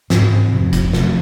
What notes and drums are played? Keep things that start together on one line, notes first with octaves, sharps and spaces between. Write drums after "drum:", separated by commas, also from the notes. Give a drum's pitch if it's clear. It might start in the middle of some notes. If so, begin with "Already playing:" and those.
G#2 C4, drum: snare
F2 C3
drum: kick F#1, hi-hat
F2 C3 A3, drum: snare